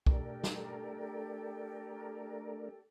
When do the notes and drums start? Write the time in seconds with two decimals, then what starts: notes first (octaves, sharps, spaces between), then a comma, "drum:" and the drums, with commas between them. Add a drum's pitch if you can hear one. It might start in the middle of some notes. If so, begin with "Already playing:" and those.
0.06 A3 D4 G4 A4 A#4 G5, drum: kick
0.44 drum: snare